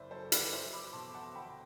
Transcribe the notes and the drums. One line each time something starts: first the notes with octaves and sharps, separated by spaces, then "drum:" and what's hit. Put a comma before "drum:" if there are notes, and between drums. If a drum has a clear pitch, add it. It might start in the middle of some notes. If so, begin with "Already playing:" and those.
Already playing: F#1 B4 C5 D5 E5
F#3 A4 C5
B4 D5, drum: hi-hat
F#3 C5 E5
B5 D6
B2 A5 C6
F#5 A5
G1 G5 B5